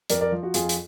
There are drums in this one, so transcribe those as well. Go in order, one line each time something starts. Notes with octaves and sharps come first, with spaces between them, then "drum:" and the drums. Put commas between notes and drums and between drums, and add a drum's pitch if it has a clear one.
F2 A#4 D5, drum: hi-hat
A#4 D5
F3
F#4
F2 F4 G#4, drum: hi-hat
drum: hi-hat